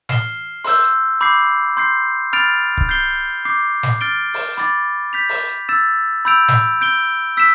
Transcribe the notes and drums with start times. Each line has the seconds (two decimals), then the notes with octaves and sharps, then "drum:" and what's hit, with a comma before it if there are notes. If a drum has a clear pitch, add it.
0.09 F6 C7 E7 G7, drum: snare
0.64 C6 E6 G6, drum: open hi-hat
1.21 B5 D6 G6 C7
1.77 C6 G6 C7
2.33 B5 F6 A6 D7 F7
2.77 drum: kick C#1
2.89 G6 C7 G7
3.45 D6 G6 C7
3.83 drum: snare
4.01 F6 A6 D7 G7
4.34 drum: open hi-hat
4.57 B5 D6 A6, drum: hi-hat
5.13 G6 B6 F7
5.29 drum: open hi-hat
5.69 E6 A6 E7
6.25 B5 E6 G6 D7 F7
6.48 drum: snare
6.81 G6 D7 G7
7.37 E6 B6 E7